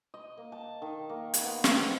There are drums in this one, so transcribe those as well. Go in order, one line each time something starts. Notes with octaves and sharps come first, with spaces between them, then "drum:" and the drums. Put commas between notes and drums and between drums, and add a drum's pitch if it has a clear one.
D#5
A#3
A5
D#3
A#3
drum: hi-hat
B3
C4, drum: snare
D#4